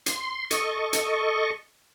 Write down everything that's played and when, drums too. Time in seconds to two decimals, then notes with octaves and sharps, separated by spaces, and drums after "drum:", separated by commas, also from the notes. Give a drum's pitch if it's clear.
0.06 C6, drum: hi-hat
0.51 A4 D#5 C#6, drum: hi-hat
0.93 drum: hi-hat